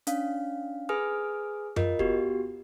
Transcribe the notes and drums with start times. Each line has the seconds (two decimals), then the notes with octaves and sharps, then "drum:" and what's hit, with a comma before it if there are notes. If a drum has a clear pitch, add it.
0.07 C#4 D4 F5, drum: hi-hat
0.89 G#4 B4 G#5 D#6 F6
1.76 F4 A#4 D#5, drum: tom F#2
1.99 B3 F#4 G4, drum: kick